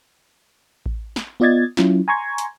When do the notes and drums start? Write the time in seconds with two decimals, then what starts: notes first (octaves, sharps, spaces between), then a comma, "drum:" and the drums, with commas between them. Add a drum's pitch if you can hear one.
0.86 drum: kick A1
1.16 drum: snare
1.40 B3 F4 D5 D#5 G#6 A6
1.77 F#3 C#4 E4 F4, drum: snare
2.08 G#5 A#5 C6 C#6 G#6
2.38 drum: hi-hat